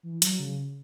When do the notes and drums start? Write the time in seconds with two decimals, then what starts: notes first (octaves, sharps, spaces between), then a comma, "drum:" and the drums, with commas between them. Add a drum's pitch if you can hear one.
0.03 E3
0.22 F#3, drum: hi-hat
0.39 C#3